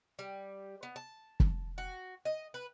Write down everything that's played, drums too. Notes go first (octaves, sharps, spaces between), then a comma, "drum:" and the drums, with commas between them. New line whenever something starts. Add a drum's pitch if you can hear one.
G3
B3
A5
drum: kick
F#4
D#5
B4